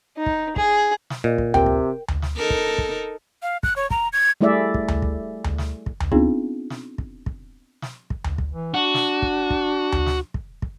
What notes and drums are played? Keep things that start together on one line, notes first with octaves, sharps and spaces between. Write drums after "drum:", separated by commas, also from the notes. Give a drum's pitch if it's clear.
D#4
drum: kick
G#4, drum: kick
drum: snare
A#2 D#5
drum: kick
C3 A#4 G5, drum: tom D2
drum: kick
drum: tom D2
drum: snare
D#4 A4 A#4
drum: kick
drum: kick
F5
F#6, drum: kick
C#5
A#5, drum: kick
G#6
G3 A3 E4 G#4 D5 E5
drum: kick
drum: tom D2
drum: kick
drum: tom D2
drum: snare
drum: kick
drum: tom D2
B3 C4 D4 D#4 F4 G#4, drum: kick
drum: snare
drum: kick
drum: kick
drum: snare
drum: kick
drum: tom D2
drum: kick
E3
D4 F#4
drum: snare
drum: kick
drum: kick
drum: tom D2
drum: snare
drum: kick
drum: kick